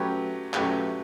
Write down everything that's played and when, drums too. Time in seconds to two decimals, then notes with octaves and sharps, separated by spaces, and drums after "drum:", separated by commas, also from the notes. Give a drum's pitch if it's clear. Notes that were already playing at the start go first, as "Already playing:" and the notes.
Already playing: F#3 A3 C#4 G4 B4
0.54 F#3 A3 C#4 G4 B4, drum: clap